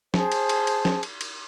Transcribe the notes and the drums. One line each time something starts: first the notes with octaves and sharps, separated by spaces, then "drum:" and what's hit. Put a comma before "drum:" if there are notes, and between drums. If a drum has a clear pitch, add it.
G#4 C5 A5, drum: snare
drum: cymbal
drum: cymbal
drum: cymbal
drum: snare
drum: cymbal
drum: cymbal